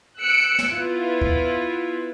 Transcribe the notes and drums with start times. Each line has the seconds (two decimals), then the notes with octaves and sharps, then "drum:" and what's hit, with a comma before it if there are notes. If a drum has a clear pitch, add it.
0.20 E6 F#6 C#7 D7
0.58 drum: snare
0.70 B3 E4 F4 B4
1.22 drum: kick